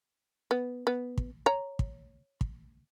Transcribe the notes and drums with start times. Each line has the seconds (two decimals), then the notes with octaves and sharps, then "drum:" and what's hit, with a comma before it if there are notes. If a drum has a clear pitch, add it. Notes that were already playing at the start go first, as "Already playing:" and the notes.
0.51 B3
0.87 B3
1.18 drum: kick
1.46 C#5 A#5
1.79 drum: kick
2.41 drum: kick